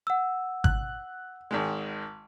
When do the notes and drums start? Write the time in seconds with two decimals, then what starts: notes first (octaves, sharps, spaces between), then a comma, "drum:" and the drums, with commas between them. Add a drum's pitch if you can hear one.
0.07 F#5 E6
0.64 F#6, drum: kick G#1
1.51 G#1 D#3 G#3